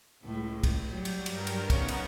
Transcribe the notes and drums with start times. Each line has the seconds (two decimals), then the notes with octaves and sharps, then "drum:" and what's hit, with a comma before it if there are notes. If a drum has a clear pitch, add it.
0.24 C#2 A2
0.64 drum: kick, cymbal
0.91 F#3 G3
1.05 drum: cymbal
1.26 G2 A#4, drum: cymbal
1.47 drum: cymbal
1.70 C#3 B3 C#4 D#4 C#5, drum: kick, cymbal
1.88 drum: cymbal